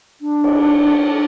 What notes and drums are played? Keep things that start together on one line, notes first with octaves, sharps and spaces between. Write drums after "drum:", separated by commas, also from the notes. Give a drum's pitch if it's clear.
D4
drum: cymbal
D4